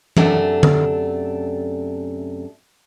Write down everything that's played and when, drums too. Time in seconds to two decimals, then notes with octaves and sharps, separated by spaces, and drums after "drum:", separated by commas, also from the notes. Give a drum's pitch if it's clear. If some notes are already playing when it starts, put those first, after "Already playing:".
0.17 F#2 C3 A3 D4, drum: tom E3
0.63 drum: tom D3